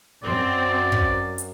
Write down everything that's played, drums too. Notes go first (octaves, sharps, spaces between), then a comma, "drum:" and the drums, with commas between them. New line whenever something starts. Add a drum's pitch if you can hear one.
F#2 C4 D5
drum: kick
drum: hi-hat